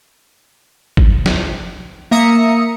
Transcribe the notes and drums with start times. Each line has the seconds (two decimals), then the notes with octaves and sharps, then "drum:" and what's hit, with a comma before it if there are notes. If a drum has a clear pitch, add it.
0.97 drum: kick G1
1.26 drum: snare
2.11 A#3 E5 A#5 D#6 C#7